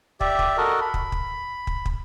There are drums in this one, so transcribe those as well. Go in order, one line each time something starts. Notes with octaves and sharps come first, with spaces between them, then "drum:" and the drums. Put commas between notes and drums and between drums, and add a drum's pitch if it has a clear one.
G4 D5 E5, drum: kick
drum: kick
F#4 A4 A#4 D#5
B5
drum: kick
drum: kick
drum: kick
drum: kick